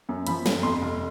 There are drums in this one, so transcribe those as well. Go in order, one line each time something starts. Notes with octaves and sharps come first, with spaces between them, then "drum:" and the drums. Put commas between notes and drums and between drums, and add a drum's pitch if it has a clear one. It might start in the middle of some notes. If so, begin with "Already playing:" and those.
F#2
F3 B5, drum: hi-hat
G1, drum: snare
F2 C6
F1